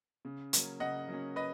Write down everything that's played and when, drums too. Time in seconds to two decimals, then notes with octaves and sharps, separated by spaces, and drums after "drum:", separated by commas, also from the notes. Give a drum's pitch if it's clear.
0.25 C#3
0.53 F#3 A#3 C#4, drum: hi-hat
0.80 C#3 D#5 F#5
1.09 F#3 A#3 C#4
1.36 B4 D#5